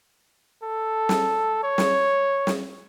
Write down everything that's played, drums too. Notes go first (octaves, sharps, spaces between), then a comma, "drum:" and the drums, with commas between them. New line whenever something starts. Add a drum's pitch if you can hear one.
A4
drum: snare
C#5
drum: snare
drum: snare